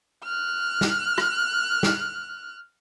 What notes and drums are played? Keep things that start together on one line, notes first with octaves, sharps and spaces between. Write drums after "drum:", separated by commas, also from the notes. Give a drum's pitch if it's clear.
F6 F#6
drum: snare
drum: rim click
drum: snare